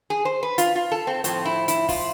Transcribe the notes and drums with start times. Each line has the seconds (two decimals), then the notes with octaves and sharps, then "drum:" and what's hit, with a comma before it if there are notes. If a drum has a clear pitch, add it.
0.10 G#4
0.25 C5
0.43 B4
0.58 F4, drum: hi-hat
0.75 F4
0.92 A4
1.07 C4
1.24 A2 F3 C4, drum: hi-hat
1.45 E4
1.68 E4, drum: hi-hat
1.89 F4, drum: kick, open hi-hat